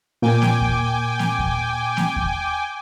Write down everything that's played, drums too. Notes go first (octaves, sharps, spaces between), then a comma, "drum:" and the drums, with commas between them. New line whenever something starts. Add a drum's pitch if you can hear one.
A#2 A#3 G5 G#5 D6
drum: snare A#3
drum: kick D#2
drum: snare A#3
drum: kick D#2
drum: snare A#3
drum: kick D#2